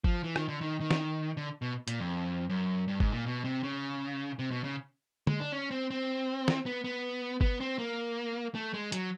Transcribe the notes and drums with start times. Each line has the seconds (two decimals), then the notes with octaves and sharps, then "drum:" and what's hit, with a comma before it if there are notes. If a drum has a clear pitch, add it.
0.04 F3, drum: kick G1
0.23 E3
0.36 D#3, drum: rim click
0.48 D3
0.61 D#3
0.80 D#3
0.91 drum: snare
1.37 D3
1.62 B2
1.88 A#2, drum: hi-hat
2.00 F2
2.49 F#2
2.88 G2
3.00 G#2, drum: kick G1
3.13 A#2
3.26 B2
3.44 C3
3.63 C#3
4.39 C3
4.51 B2
4.64 C#3
5.27 G#3, drum: tom D3
5.40 D4
5.52 C#4
5.71 C4
5.91 C4
6.48 drum: snare
6.66 B3
6.84 B3
7.41 B3, drum: kick G1
7.60 C4
7.79 A#3
8.55 A3
8.74 G#3
8.92 F#3, drum: hi-hat